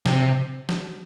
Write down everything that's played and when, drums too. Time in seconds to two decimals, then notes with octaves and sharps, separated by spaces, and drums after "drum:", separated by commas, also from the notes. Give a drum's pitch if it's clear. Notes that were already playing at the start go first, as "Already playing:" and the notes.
0.06 C3, drum: snare
0.69 drum: snare